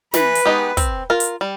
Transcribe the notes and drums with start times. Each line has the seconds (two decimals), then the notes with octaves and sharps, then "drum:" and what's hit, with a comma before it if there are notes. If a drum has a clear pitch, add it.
0.14 E3 B4, drum: snare
0.35 drum: hi-hat
0.46 G#3 B3 D#4 G4
0.77 C4, drum: kick, hi-hat
1.10 F4 A#4
1.20 drum: hi-hat
1.41 G3